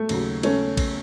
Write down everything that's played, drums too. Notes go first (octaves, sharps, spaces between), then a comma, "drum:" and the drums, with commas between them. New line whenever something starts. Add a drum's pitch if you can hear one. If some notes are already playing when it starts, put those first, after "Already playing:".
Already playing: A3
D#2 C#3 F#3, drum: cymbal
A3 C#4, drum: cymbal
drum: kick A#1, cymbal